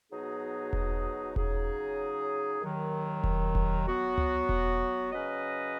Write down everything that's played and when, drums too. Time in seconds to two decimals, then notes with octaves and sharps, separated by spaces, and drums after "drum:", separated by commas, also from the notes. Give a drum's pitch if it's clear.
0.10 B2 F#3 B3 D#4 G#4
0.73 drum: kick E1
1.36 C#3 F#3 D#4 G#4, drum: kick E1
2.60 D#2 D#3 F#3
3.24 drum: kick E1
3.55 drum: kick E1
3.86 F#3 B3 F#4
4.18 drum: tom C#2
4.49 drum: kick E1
5.12 C#3 F#3 C#4 B4 D#5